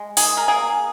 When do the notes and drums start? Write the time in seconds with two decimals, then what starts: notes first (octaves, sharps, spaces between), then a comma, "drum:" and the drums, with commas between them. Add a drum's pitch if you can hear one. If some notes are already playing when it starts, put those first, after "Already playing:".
Already playing: G#3
0.17 D#3 G#4, drum: open hi-hat
0.37 A#4
0.48 A#3 G#4